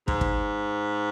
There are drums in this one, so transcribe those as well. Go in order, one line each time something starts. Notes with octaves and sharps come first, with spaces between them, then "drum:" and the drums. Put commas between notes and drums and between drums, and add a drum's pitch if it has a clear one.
G#2, drum: kick
drum: kick